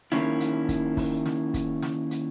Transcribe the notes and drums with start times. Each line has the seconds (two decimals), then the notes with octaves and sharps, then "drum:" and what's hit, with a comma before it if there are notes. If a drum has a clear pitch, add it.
0.12 D#3 A#3 C#4 E4, drum: snare
0.40 drum: hi-hat
0.69 drum: kick, hi-hat
0.97 drum: kick, open hi-hat
1.26 drum: snare
1.54 drum: kick, hi-hat
1.82 drum: snare
2.11 drum: hi-hat